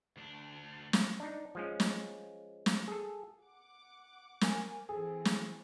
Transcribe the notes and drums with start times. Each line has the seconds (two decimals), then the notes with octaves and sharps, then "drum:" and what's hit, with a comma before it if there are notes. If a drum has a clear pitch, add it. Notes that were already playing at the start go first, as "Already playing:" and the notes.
0.17 D2 D4
0.93 drum: snare
1.20 D4 D#4
1.55 F3 G#3 C#4
1.80 drum: snare
2.66 drum: snare
2.88 G#4 A4
3.44 F#5 D6
4.41 A#4 G#5, drum: snare
4.89 E3 C4 G#4 A4
5.25 drum: snare